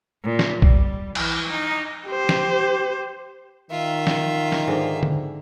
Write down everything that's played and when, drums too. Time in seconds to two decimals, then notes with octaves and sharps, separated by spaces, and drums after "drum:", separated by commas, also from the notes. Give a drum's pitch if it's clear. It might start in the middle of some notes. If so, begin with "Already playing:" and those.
0.23 A#2
0.39 drum: snare
0.62 G3, drum: kick A#1
1.15 E3, drum: cymbal
1.49 D#4
2.09 G4 C5
2.29 drum: snare
3.71 D#3 F4 E5
4.07 drum: snare
4.52 drum: snare
4.67 G#2 D3 G#3
5.03 drum: tom D3